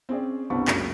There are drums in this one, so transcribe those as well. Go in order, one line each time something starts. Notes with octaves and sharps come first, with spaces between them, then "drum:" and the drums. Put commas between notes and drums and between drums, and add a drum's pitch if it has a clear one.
C4 C#4 G#4 D5
G1 C2 B2 C4 D4 C#6
C#2 F#2 A#3, drum: clap